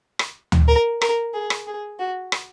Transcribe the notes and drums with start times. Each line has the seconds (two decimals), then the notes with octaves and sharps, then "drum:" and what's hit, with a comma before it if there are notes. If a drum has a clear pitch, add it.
0.19 drum: rim click
0.52 drum: tom D2
0.68 A#4
1.01 A#4, drum: rim click
1.34 G#4
1.50 drum: rim click
1.67 G#4
1.99 F#4
2.32 drum: rim click